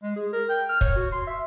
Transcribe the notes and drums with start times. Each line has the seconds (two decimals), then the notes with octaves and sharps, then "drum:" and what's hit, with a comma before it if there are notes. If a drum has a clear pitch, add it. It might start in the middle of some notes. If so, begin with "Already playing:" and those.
0.03 G#3
0.16 G#4
0.33 A#4
0.49 G5
0.69 F6
0.81 C#5, drum: kick
0.96 F#4
1.12 C6
1.27 E5